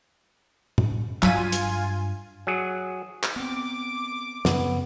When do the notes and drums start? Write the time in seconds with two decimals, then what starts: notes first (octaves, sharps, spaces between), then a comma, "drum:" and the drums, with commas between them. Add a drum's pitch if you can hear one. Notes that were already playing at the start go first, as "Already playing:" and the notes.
0.78 drum: tom A2
1.23 G2 F#3 F4 G#5 B6 D#7, drum: clap
1.52 drum: hi-hat
2.47 F#3 G#4
3.23 drum: clap
3.36 B3 C4 D6
4.45 F#2 C#3 F3 B3, drum: snare